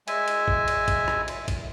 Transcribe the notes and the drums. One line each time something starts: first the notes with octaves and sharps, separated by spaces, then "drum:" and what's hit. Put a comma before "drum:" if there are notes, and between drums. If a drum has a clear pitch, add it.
G#3 E5 G#5, drum: cymbal
drum: cymbal
drum: kick A1
drum: cymbal
drum: kick A1, cymbal
drum: rim click
drum: cymbal
drum: kick A1, cymbal